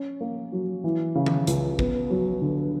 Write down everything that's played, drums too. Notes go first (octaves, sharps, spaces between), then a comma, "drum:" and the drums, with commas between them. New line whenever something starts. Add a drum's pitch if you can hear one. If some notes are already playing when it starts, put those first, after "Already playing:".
Already playing: C#4
A#3
F#3
E3
C#3
drum: tom D#3
C#2, drum: hi-hat
B3, drum: kick
F#3
D3